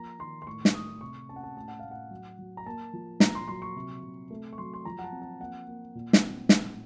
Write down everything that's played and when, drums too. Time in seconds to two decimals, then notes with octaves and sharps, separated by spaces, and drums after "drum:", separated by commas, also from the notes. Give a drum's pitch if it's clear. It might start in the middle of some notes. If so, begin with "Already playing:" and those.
Already playing: F3 A#3 A#5
0.19 D#3 C6
0.42 C6
0.46 A2 C#6
0.65 drum: snare
0.74 A3 D#6
1.01 C3 C#6
1.29 C#4 A5
1.36 F#5
1.43 A5
1.57 A2 A5
1.68 F#5
1.79 A2 F5
1.91 F#5
2.11 F#3
2.39 F#3
2.57 A#5
2.66 A#3 A5
2.93 F3
3.20 A#2 A#5, drum: snare
3.35 C6
3.48 F#3 C6
3.62 C#6
3.76 C3
4.03 C3
4.31 A3
4.53 C#6
4.58 F#3 C6
4.74 C6
4.85 F3 A#5
4.99 F#5
5.04 A5
5.12 C4
5.22 A5
5.40 A#3 F#5
5.67 A#3
5.95 A#2
6.13 drum: snare
6.23 C4
6.49 A2, drum: snare